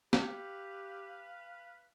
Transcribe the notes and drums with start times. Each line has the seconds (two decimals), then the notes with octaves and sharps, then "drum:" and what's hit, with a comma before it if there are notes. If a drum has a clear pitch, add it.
0.13 G4 B4 F5 G5, drum: snare